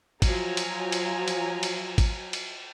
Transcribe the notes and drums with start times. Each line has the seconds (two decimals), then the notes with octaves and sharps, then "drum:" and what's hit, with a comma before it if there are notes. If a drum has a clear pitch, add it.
0.22 F3 F#3 G#5 A#5, drum: kick G#1, cymbal
0.57 drum: cymbal
0.92 drum: cymbal
1.28 drum: cymbal
1.63 drum: cymbal
1.98 drum: kick G#1, cymbal
2.33 drum: cymbal